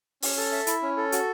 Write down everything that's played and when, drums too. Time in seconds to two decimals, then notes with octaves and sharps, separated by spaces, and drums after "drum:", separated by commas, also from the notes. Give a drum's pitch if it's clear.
0.22 C#4, drum: open hi-hat
0.37 A4
0.52 E5
0.67 E4, drum: hi-hat
0.82 C#4
0.97 A4
1.12 F#4, drum: hi-hat